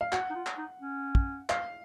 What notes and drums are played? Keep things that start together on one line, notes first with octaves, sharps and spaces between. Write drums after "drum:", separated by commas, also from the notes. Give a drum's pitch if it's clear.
F5
F#4 F#5, drum: clap
D#4
F4
drum: clap
D#4
C#4
drum: kick
F5, drum: clap